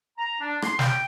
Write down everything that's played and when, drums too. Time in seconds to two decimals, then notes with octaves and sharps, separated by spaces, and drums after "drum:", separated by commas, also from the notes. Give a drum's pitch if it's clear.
0.18 A#5
0.40 D4
0.62 C6, drum: rim click
0.79 G5, drum: snare